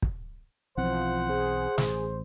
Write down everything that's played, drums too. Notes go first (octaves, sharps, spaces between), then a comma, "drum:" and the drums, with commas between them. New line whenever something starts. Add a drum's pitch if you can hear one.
drum: kick
B1 E3 F3 C4 C5 F#5
G#4
A1, drum: snare